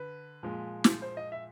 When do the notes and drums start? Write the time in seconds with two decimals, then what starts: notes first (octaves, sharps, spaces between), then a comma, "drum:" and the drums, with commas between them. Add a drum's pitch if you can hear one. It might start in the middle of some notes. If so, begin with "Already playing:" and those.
Already playing: D3 B4
0.43 A#2 F3 G#3
0.84 drum: snare
1.02 C5
1.17 D#5
1.32 E5